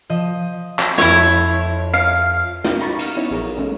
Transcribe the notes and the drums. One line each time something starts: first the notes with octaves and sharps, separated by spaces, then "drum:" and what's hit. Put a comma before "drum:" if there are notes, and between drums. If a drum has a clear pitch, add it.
F3 D#5
drum: clap
F2 E4 C#5 E5, drum: snare
F5 C7
C#4 D#4 G4 A#4 D#5, drum: snare
A#5 B5 C#6 A6
F6 C#7, drum: cymbal
B3 C#4 D#4 E4 C#5
A#1 F#3 G#4 A#4
C#3 G#3 A3 C#4